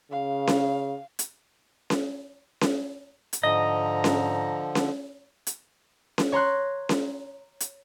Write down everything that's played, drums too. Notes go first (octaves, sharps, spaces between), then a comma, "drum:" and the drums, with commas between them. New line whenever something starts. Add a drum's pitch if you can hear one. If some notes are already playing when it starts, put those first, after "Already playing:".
C#3 F5
drum: snare C#4
drum: hi-hat
drum: snare C#4
drum: snare C#4
drum: hi-hat
G#2 D3 F3 D#5 A#5
drum: snare C#4
drum: snare C#4
drum: hi-hat
drum: snare C#4
C#5 A#5 C6 F#6
drum: snare C#4
drum: hi-hat